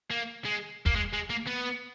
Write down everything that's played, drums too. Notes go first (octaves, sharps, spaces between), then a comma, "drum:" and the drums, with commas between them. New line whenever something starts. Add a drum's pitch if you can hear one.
A#3
G#3
A#3, drum: kick
G#3
G#3
A#3
B3